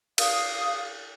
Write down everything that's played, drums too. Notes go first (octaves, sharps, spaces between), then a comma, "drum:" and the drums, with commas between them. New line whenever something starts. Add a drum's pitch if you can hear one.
F5 D#6, drum: cymbal